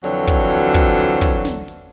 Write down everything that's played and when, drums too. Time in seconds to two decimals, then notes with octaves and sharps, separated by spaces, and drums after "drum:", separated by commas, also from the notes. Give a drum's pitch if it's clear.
0.04 F2 D3 E3 F#3, drum: hi-hat
0.27 drum: kick, hi-hat
0.51 drum: hi-hat
0.74 drum: kick, hi-hat
0.98 drum: hi-hat
1.21 drum: kick, hi-hat
1.45 drum: snare
1.68 drum: hi-hat